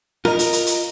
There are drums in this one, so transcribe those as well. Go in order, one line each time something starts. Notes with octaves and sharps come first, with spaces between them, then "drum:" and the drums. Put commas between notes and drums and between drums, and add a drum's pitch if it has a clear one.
F4 A#4 D#5, drum: snare
drum: hi-hat
drum: hi-hat
drum: hi-hat